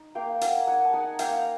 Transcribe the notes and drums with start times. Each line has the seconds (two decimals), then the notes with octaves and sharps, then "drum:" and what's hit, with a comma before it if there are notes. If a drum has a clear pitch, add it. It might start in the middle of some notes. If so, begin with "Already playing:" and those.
Already playing: D#4
0.15 A#3 F5 G5
0.41 A#3 F#5 G#5, drum: hi-hat
0.67 D#4 F#5 G#5
0.85 A5
0.93 D#4 F#5 G#5
1.19 A#3 F5 G5, drum: hi-hat